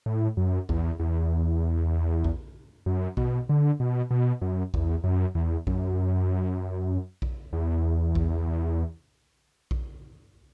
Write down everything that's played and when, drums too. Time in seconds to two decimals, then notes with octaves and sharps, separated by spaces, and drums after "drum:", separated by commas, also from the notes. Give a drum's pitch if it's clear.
0.06 A2
0.37 F#2
0.69 E2, drum: kick A#1
0.99 E2
2.24 drum: kick A#1
2.86 F#2
3.17 B2, drum: kick A#1
3.49 D3
3.80 B2
4.11 B2
4.42 F#2
4.74 E2, drum: kick A#1
5.04 F#2
5.35 E2
5.67 F#2, drum: kick A#1
7.22 drum: kick A#1
7.53 E2
8.15 drum: kick A#1
9.71 drum: kick A#1